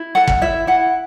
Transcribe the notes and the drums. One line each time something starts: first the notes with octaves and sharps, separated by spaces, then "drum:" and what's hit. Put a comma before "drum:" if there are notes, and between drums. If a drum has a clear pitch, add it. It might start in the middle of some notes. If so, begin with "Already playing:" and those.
Already playing: E4
A4 F#5
drum: kick
E4 E5
E4 F#5